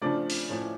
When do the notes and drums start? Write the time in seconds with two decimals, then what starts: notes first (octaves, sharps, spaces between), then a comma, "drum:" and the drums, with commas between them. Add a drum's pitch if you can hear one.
0.02 C#3 F3 A3 D4 D5
0.30 drum: open hi-hat
0.49 A2 F3 A3 C#4